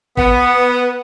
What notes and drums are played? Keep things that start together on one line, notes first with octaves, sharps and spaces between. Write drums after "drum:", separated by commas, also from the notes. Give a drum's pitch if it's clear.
B3, drum: kick G#1